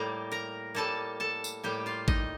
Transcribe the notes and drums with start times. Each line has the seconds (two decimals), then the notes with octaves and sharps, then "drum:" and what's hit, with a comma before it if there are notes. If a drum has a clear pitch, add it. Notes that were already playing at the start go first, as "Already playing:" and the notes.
Already playing: A2 G3 A#3 A#4 A#5
0.31 A#4 A#5
0.75 A2 G3 A#3 A4 A5
1.20 A4 A5
1.44 drum: tambourine
1.63 A2 G3 A#3 G4 G5
1.86 F4 F5
2.08 D#4 D#5, drum: kick G#1